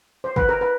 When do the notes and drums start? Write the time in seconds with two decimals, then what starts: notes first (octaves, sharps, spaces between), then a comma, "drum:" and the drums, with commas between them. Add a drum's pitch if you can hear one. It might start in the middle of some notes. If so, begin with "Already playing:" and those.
0.24 C5
0.36 B4, drum: kick
0.49 A#4
0.61 B4